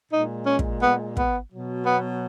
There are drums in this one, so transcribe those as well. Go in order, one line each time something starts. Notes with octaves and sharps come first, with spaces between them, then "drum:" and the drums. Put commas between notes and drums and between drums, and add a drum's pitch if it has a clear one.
A#2 G#3 D#4
C#4
drum: kick
B3
B3, drum: kick
B2 F#3
B3